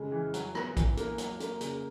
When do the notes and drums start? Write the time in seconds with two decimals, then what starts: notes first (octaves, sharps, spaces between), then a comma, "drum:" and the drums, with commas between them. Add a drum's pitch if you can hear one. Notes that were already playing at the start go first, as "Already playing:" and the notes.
Already playing: C#3 G#3
0.12 E3
0.34 F#3, drum: hi-hat
0.55 B3, drum: rim click
0.77 E3, drum: kick, hi-hat
0.97 A#3, drum: hi-hat
1.18 F#3, drum: hi-hat
1.40 A#3, drum: hi-hat
1.61 C#3, drum: hi-hat